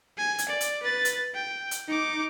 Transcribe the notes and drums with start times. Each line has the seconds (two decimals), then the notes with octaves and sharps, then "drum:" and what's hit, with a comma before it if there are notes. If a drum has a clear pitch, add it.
0.18 G#5
0.38 drum: hi-hat
0.48 D5
0.61 drum: hi-hat
0.83 B4 A6
1.05 drum: hi-hat
1.34 G5
1.71 drum: hi-hat
1.88 D#4 D6